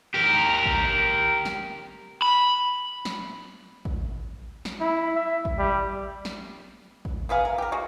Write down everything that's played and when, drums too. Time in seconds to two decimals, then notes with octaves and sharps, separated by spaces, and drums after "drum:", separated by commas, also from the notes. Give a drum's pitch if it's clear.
0.14 G4 A#4
0.66 drum: kick
1.45 drum: snare
2.22 B5
3.05 drum: snare
3.85 drum: kick
4.65 drum: snare
4.80 E4
5.16 E5
5.45 drum: kick
5.59 G3
6.25 drum: snare
7.05 drum: kick
7.29 A#3 B3 G#4 F5
7.45 A#4
7.58 G4 A#4
7.72 G#3 A#3 F#4